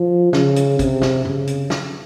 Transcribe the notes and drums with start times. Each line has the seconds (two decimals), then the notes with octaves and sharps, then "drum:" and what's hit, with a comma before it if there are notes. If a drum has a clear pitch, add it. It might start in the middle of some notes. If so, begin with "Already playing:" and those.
Already playing: F3
0.33 C#3, drum: snare
0.56 drum: hi-hat
0.79 C3, drum: kick, hi-hat
1.02 drum: snare
1.25 C#3, drum: tom G2
1.47 drum: hi-hat
1.70 drum: snare